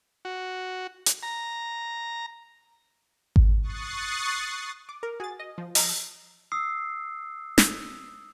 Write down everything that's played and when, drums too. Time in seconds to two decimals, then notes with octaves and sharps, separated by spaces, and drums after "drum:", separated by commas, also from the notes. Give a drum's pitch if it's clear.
0.25 F#4
1.06 drum: hi-hat
1.23 A#5
3.36 drum: kick G#1
3.62 C#6 D#6 F#6 A6 C7
4.89 D6
5.03 A#4
5.20 F#4 G#4 A6
5.39 D#5
5.58 F3
5.75 D#5 A5 A#5, drum: open hi-hat
6.52 D#6 E6 C7
7.58 drum: snare